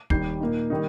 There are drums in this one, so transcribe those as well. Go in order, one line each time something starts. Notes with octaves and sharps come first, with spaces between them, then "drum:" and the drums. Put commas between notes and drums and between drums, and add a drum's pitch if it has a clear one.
D#2 D#3 G3 G6 C7, drum: kick
A#2 A#3 D#4
D#3 G3 A#3 D#4